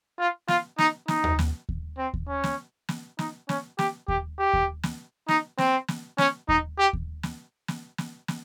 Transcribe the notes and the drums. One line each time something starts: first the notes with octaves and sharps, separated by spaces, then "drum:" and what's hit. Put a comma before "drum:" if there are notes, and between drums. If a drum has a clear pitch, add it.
F4
F4, drum: snare
D#4, drum: snare
D#4, drum: snare
drum: tom D#2
drum: snare
drum: kick D#2
C4
drum: kick D#2
C#4
drum: snare
drum: snare
D#4, drum: snare
C#4, drum: snare
G4, drum: snare
G4, drum: kick D#2
G4
drum: kick D#2
drum: snare
D#4, drum: snare
C4, drum: snare
drum: snare
C#4, drum: snare
D#4, drum: kick D#2
G4
drum: kick D#2
drum: snare
drum: snare
drum: snare
drum: snare